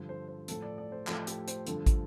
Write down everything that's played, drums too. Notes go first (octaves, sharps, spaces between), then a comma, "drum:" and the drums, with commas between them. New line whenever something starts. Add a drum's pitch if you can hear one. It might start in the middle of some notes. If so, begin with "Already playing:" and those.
Already playing: G2 D3 F3 A4
C5
C5
A2 F3 A4, drum: hi-hat
D5
D5
C5
A2 F3 A4, drum: clap
G4, drum: hi-hat
C5, drum: hi-hat
G2 D3 F3 A4, drum: hi-hat
drum: kick, hi-hat